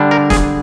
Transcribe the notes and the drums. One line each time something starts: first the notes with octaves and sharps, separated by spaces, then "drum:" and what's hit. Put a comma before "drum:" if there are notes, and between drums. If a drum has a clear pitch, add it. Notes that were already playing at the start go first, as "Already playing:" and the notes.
Already playing: D3 G3 D4
A#4
G#4, drum: snare